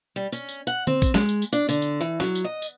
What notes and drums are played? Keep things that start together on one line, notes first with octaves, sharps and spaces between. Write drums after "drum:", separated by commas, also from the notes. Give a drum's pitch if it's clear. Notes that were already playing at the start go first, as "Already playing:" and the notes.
G3
C#4, drum: tambourine
drum: tambourine
F#5
C4, drum: tom D3
drum: kick, tambourine
G#3, drum: snare
drum: tambourine
drum: tambourine
D4, drum: tambourine
D3, drum: tambourine
drum: tambourine
E3
F#3, drum: snare
drum: tambourine
D#5
drum: tambourine